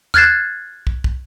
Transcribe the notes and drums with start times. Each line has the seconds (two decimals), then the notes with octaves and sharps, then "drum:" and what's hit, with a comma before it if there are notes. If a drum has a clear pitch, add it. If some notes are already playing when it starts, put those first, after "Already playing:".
0.14 F6 F#6 G#6 A6 C7 E7, drum: tom E2
0.87 drum: kick
1.04 drum: kick